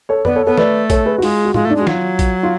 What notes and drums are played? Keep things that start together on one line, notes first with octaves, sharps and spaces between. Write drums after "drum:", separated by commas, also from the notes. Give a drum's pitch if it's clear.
A4 C#5
B3 B4 D5, drum: tom F2
A4 C#5
B3 A4 C#5
A3 B4 D5, drum: snare
A4 C#5, drum: kick, hi-hat
G#4 B4
F#4
G#3 F4 G#4, drum: open hi-hat
F#4
G#3 F4, drum: tom
A3
D4
G#3 F#4
F#3 F4, drum: snare
drum: kick, hi-hat
F4